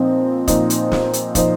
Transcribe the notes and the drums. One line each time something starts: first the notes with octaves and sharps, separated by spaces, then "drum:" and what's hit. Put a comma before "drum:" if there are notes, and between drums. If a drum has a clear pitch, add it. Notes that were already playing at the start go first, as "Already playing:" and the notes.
Already playing: A#2 F3 C4 D#4 C5 D#5
A#2 F3 D#4 C5 D#5, drum: kick, hi-hat
drum: hi-hat
drum: snare
drum: hi-hat
A#2 F3 D#4 C5 D#5, drum: kick, hi-hat